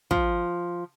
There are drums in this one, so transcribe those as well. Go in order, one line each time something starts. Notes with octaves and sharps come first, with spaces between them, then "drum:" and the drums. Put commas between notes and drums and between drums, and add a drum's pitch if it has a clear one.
F3, drum: kick